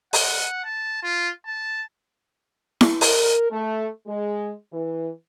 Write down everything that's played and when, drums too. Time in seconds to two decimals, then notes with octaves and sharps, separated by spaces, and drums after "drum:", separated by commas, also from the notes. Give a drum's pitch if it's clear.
0.13 F#5, drum: open hi-hat
0.64 A5
1.03 F4
1.46 A5
2.81 drum: snare E4
3.01 A#4, drum: open hi-hat
3.50 A3
4.06 G#3
4.72 E3